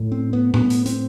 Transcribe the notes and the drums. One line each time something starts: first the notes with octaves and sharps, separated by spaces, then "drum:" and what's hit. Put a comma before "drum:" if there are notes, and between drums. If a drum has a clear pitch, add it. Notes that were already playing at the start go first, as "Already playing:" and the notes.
Already playing: A2
C4
B3
A2 B3, drum: tom A2
drum: hi-hat
C4, drum: hi-hat